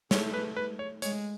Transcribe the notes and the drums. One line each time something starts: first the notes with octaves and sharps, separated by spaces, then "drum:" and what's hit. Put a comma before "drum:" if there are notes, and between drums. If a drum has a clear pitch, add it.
A3 C#5, drum: snare
B4
B4
C#5
G#3 C#5, drum: hi-hat